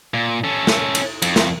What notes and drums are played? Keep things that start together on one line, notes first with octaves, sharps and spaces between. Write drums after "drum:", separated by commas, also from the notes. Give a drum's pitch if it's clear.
A#2
C#4 A4
drum: snare
drum: cymbal
F2, drum: cymbal
drum: snare